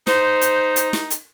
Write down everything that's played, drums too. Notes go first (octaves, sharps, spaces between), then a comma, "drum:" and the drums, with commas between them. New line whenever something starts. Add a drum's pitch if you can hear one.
D#4 C5, drum: snare
drum: hi-hat
drum: hi-hat
drum: snare
drum: hi-hat